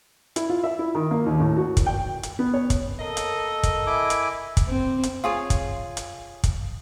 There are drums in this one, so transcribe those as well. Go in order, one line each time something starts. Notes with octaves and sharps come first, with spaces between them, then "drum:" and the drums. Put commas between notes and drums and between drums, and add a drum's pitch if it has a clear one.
E4, drum: hi-hat
F4
E5
E4
D#3
A#3
D#2
A2
F#4
drum: kick, hi-hat
G5
drum: hi-hat
B3
C#5
drum: kick, hi-hat
A#3 A4 D#5
drum: hi-hat
drum: kick, hi-hat
E4 G#5 D6
drum: hi-hat
drum: kick, hi-hat
C4
drum: hi-hat
F4 G#4 C#5
drum: kick, hi-hat
drum: hi-hat
drum: kick, hi-hat